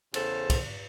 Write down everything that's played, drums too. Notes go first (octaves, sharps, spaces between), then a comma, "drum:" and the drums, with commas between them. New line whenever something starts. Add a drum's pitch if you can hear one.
E2 C#3 A4 C5, drum: cymbal
drum: kick, cymbal